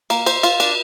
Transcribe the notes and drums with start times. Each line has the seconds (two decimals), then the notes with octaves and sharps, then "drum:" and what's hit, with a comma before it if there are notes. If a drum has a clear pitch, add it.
0.10 A#3, drum: cymbal
0.26 C5, drum: cymbal
0.43 F4, drum: cymbal
0.60 D4, drum: cymbal